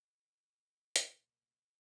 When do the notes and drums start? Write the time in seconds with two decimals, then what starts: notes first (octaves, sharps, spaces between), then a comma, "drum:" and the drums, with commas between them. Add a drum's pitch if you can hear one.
0.96 C2 A#2 C#3 F3, drum: hi-hat